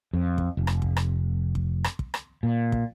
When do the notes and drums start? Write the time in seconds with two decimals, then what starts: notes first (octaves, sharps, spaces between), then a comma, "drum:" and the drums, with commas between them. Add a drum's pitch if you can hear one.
0.13 F2
0.38 drum: kick
0.57 F1
0.67 drum: rim click
0.82 drum: kick
0.97 drum: rim click
1.55 drum: kick
1.84 drum: rim click
1.99 drum: kick
2.14 drum: rim click
2.43 A#2
2.72 drum: kick